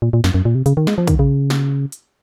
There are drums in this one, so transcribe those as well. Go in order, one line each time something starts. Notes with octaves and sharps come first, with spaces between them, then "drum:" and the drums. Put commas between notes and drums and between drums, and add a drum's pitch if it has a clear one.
A#2
A#2
F#2, drum: snare
F#2
A#2
C3
C#3, drum: hi-hat
D#3
G#3, drum: snare
F3
D#3, drum: kick, hi-hat
C#3
drum: snare
drum: hi-hat